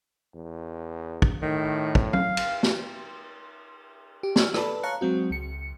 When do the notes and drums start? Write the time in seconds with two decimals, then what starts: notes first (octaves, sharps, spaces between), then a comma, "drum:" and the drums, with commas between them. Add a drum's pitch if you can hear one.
0.35 E2
1.22 drum: kick
1.42 A2 D#3
1.95 drum: kick
2.13 F5, drum: tom F#3
2.37 drum: cymbal
2.63 drum: snare
4.23 G4
4.36 C#5 D5 E6 F6, drum: snare
4.54 A4 B4 D5 A5 B5, drum: rim click
4.83 C#5 F5 A5 A#5 F#6 C#7
5.01 F#3 G#3 C4 F#4
5.30 C#2 C#7